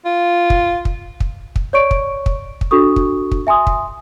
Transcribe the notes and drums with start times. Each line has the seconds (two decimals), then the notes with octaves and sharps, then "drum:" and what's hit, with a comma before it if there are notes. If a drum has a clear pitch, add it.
0.06 F4
0.50 drum: kick
0.85 drum: kick
1.20 drum: kick
1.56 drum: kick
1.73 C#5 D5 C#6 D7
1.91 drum: kick
2.26 drum: kick
2.61 drum: kick
2.71 D4 F#4 A4 C#6 D#6
2.96 drum: kick
3.31 drum: kick
3.47 E5 G#5 C6 D#6
3.67 drum: kick